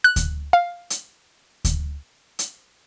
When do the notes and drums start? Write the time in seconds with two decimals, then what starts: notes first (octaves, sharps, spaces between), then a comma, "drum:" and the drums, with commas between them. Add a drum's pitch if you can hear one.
0.04 F#6
0.16 drum: kick D2, hi-hat
0.53 F5
0.90 drum: hi-hat
1.65 drum: kick D2, hi-hat
2.39 drum: hi-hat